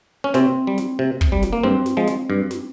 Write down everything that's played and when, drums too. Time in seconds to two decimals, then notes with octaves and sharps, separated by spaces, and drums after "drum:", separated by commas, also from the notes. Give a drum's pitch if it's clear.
0.24 C#4
0.34 C3 C4, drum: snare
0.67 G3
0.78 drum: snare
0.99 C3
1.21 drum: kick
1.32 G3
1.42 drum: snare
1.53 A#3
1.63 G2 C4
1.86 drum: snare
1.97 F3 G#3
2.07 drum: snare
2.30 G2
2.51 drum: snare